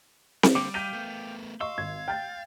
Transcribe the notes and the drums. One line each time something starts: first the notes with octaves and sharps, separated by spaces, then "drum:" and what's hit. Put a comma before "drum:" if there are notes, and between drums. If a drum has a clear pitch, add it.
drum: snare C4
D3 G3 A#3 C4 D6
F5 G5 G6 B6 D#7
A3 B3
D#5 F5 C6 C#6 E6
G#1 G#6
G5 F6 G6 A6